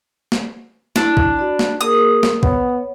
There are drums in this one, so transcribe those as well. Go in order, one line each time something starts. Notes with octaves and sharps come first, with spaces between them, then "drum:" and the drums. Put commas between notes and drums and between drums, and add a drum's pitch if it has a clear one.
drum: snare
D4 E4 A5, drum: snare
drum: kick A#1
F#4 D5 B5
drum: snare
A#3 G#4 A#4 D#6
drum: snare
B3 C#5, drum: kick A#1